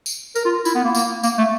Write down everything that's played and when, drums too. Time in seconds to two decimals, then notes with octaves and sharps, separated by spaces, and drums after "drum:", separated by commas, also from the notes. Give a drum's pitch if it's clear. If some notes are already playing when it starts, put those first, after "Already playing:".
0.06 drum: tambourine
0.36 A#4, drum: tambourine
0.45 F4
0.65 E4, drum: tambourine
0.75 B3
0.84 A#3
0.95 A#3, drum: tambourine
1.23 A#3, drum: tambourine
1.38 A3